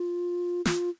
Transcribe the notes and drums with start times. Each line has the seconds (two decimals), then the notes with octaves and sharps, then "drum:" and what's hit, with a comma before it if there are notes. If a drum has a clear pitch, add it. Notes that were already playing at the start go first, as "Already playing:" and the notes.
Already playing: F4
0.65 F4, drum: snare